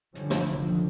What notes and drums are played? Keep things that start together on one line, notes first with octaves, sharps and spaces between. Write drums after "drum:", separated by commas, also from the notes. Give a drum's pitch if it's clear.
D3 F3 G3 C#4, drum: hi-hat
drum: snare
F1 D2 D3 D#3 F3